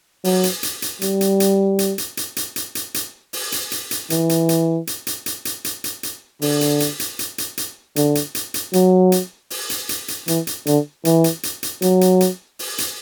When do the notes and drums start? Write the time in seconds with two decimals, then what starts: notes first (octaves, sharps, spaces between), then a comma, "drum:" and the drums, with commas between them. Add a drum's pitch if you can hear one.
0.24 F#3, drum: open hi-hat
0.44 drum: hi-hat
0.63 drum: hi-hat
0.82 drum: hi-hat
1.02 G3, drum: hi-hat
1.21 drum: hi-hat
1.40 drum: hi-hat
1.79 drum: hi-hat
1.98 drum: hi-hat
2.17 drum: hi-hat
2.37 drum: hi-hat
2.56 drum: hi-hat
2.75 drum: hi-hat
2.94 drum: hi-hat
3.33 drum: open hi-hat
3.52 drum: hi-hat
3.72 drum: hi-hat
3.91 drum: hi-hat
4.10 E3, drum: hi-hat
4.29 drum: hi-hat
4.49 drum: hi-hat
4.87 drum: hi-hat
5.07 drum: hi-hat
5.26 drum: hi-hat
5.45 drum: hi-hat
5.65 drum: hi-hat
5.84 drum: hi-hat
6.03 drum: hi-hat
6.42 D3, drum: open hi-hat
6.61 drum: hi-hat
6.80 drum: hi-hat
7.00 drum: hi-hat
7.19 drum: hi-hat
7.38 drum: hi-hat
7.57 drum: hi-hat
7.96 D3, drum: hi-hat
8.15 drum: hi-hat
8.35 drum: hi-hat
8.54 drum: hi-hat
8.73 F#3, drum: hi-hat
9.12 drum: hi-hat
9.50 drum: open hi-hat
9.70 drum: hi-hat
9.89 drum: hi-hat
10.08 drum: hi-hat
10.28 E3, drum: hi-hat
10.47 drum: hi-hat
10.67 D3, drum: hi-hat
11.05 E3, drum: hi-hat
11.24 drum: hi-hat
11.43 drum: hi-hat
11.63 drum: hi-hat
11.82 F#3, drum: hi-hat
12.01 drum: hi-hat
12.21 drum: hi-hat
12.59 drum: open hi-hat
12.78 drum: hi-hat